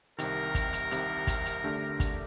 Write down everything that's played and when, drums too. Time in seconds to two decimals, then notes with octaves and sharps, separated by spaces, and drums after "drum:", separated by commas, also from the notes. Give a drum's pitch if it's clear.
0.18 C2 C3 D#3 A#4, drum: hi-hat
0.55 drum: kick, hi-hat
0.73 drum: hi-hat
0.91 C2 C3 D#3, drum: hi-hat
1.27 drum: kick, hi-hat
1.45 drum: hi-hat
1.64 D3 A3 D4 G4
2.00 drum: kick, hi-hat